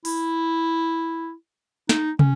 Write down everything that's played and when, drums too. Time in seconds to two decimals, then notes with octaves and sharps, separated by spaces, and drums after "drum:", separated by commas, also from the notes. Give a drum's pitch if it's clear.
0.05 E4, drum: open hi-hat
1.89 D#4, drum: snare
2.19 C#4, drum: tom